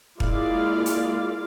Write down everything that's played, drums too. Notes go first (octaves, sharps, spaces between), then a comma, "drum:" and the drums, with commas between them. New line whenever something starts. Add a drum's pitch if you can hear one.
G#3 A#3 E4 F4 D5 F5, drum: kick
drum: hi-hat